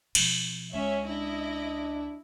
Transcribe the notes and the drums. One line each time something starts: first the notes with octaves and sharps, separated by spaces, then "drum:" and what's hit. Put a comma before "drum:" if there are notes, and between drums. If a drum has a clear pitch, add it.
B2 F3, drum: cymbal
C#2 C#4 C#5 E5
D4 E4 D#5